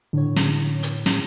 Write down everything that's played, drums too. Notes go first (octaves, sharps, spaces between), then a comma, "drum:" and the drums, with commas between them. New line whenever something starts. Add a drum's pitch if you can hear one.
A2 D3 C#5
drum: snare
drum: hi-hat
drum: snare